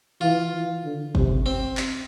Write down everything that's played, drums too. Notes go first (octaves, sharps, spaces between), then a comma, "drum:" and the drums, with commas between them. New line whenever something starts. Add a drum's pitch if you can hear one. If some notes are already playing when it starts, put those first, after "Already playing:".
E3 F4
E3
D3
C3, drum: kick
C4
drum: clap